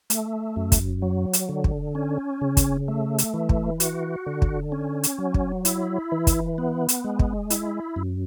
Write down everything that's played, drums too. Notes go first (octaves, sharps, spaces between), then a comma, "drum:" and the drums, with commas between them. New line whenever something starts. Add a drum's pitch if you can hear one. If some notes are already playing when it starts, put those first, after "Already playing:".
A3, drum: hi-hat
F#2
drum: kick, hi-hat
F#3
drum: hi-hat
D3
drum: kick
C#4
C#3
drum: kick, hi-hat
A3
drum: hi-hat
E3
drum: kick
F#4, drum: hi-hat
D3
drum: kick
C#4
drum: hi-hat
F#3
drum: kick
E4, drum: hi-hat
E3
drum: kick, hi-hat
B3
drum: hi-hat
G#3
drum: kick
E4, drum: hi-hat
F#2